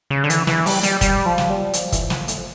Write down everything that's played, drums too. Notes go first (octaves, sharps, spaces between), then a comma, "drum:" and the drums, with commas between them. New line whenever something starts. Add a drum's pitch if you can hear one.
C#3
D3
E3, drum: hi-hat
E3, drum: snare
G3, drum: open hi-hat
G3, drum: hi-hat
G3, drum: kick, hi-hat
F3
drum: snare
G3
F3, drum: hi-hat
E3, drum: kick, hi-hat
F3, drum: snare
A3, drum: hi-hat
F3